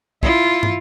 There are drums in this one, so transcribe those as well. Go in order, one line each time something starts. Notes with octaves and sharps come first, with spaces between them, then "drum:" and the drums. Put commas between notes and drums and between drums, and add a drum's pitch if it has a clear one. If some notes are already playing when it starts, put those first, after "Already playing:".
E4 F4, drum: kick
drum: tom